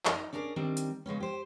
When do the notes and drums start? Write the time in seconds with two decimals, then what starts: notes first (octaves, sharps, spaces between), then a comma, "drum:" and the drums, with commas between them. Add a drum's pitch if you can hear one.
0.05 F#2 D#4 A#5, drum: clap
0.33 C#4 D4 G#4 A#4 D5
0.56 D#3 G3 C4 D4
0.77 drum: hi-hat
1.06 C#3 G#3 B3 C#4
1.20 G4 C5